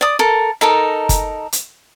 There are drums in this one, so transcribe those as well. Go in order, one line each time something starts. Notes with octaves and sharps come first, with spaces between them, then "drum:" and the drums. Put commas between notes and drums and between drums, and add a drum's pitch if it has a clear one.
D5 D#6
A4 A#4
D#4 A4 A#4
drum: kick, hi-hat
drum: hi-hat